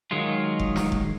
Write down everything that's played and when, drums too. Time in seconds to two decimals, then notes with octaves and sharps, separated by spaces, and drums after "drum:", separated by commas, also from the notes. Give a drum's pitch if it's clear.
0.11 D#3 F#3 G#3 F4
0.60 drum: kick F1
0.76 drum: snare
0.92 drum: kick F1